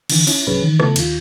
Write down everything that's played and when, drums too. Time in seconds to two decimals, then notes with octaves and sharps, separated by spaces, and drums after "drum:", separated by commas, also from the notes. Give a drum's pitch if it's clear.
0.10 D3 E3, drum: cymbal
0.27 C#4 E4, drum: open hi-hat
0.47 C2 G#2 F#3 C#4 G#4 B4
0.62 D#3 E3
0.80 C#3 F3 A3 B3 E4 A4, drum: rim click
0.96 D#2 F4, drum: cymbal